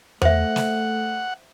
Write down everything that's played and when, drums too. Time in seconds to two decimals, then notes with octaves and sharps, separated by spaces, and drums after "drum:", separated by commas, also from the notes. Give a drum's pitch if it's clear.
0.22 A3 C5 E5 F#5, drum: tom E2
0.56 drum: snare